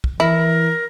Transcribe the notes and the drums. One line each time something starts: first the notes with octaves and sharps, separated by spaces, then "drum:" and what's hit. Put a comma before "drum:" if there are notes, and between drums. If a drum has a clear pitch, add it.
drum: kick
E3 E4 A#4